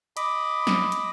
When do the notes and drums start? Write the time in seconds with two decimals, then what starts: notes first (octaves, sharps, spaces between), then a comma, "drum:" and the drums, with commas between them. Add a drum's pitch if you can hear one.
0.17 D#5 B5 D6, drum: hi-hat
0.67 drum: snare
0.92 drum: hi-hat